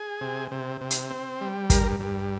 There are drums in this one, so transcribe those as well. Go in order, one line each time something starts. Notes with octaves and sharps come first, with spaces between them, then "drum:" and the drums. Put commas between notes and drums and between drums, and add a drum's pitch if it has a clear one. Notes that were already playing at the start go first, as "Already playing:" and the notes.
Already playing: G#4
C3
C3
C3
drum: hi-hat
C4
G3
G2 A#4, drum: kick, hi-hat
G2